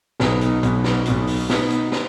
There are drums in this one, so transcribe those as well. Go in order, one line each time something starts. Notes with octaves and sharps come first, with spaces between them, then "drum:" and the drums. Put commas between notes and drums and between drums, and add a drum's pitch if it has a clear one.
B1 B2 B3 D#4, drum: snare
drum: hi-hat
B1 B2 B3 D#4, drum: hi-hat
drum: snare
B1 B2 B3 D#4, drum: hi-hat
drum: open hi-hat
B2 B3 D#4, drum: snare
drum: hi-hat
drum: snare